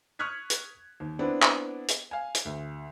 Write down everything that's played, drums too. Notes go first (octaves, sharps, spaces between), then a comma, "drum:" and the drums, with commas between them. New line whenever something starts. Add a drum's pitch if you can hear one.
C#6 D#6 F6 F#6 G#6 B6
drum: hi-hat
D#2
B3 C4 D4 E4
drum: clap
drum: hi-hat
F5 G#5
drum: hi-hat
D2